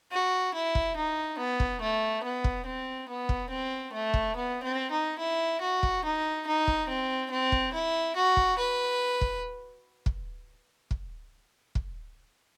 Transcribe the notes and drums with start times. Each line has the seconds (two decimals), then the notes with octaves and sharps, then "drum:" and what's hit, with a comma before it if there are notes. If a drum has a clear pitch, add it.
0.12 F#4
0.54 E4
0.75 drum: kick
0.96 D#4
1.38 B3
1.60 drum: kick
1.81 A3
2.23 B3
2.44 drum: kick
2.65 C4
3.08 B3
3.29 drum: kick
3.50 C4
3.92 A3
4.14 drum: kick
4.35 B3
4.63 C4
4.91 D#4
5.19 E4
5.61 F#4
5.83 drum: kick
6.04 D#4
6.47 D#4
6.67 drum: kick
6.89 C4
7.30 C4
7.52 drum: kick
7.73 E4
8.16 F#4
8.37 drum: kick
8.58 B4
9.21 drum: kick
10.06 drum: kick
10.91 drum: kick
11.75 drum: kick